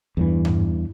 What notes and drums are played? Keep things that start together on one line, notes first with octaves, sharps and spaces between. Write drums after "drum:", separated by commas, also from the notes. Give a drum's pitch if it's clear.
E2 G2 E3
drum: tom G2